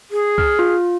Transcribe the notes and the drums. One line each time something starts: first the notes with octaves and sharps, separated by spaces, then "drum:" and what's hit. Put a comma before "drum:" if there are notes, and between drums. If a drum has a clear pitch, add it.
G#4
F6, drum: kick C2
F4